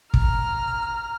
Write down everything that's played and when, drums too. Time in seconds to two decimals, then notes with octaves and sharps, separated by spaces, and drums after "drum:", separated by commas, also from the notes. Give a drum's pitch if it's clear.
0.14 A#5 F6, drum: kick